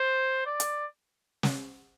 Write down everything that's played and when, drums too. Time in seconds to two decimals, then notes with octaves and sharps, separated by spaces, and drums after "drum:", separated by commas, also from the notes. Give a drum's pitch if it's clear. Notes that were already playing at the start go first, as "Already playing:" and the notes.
Already playing: C5
0.46 D5
0.60 drum: hi-hat
1.43 drum: snare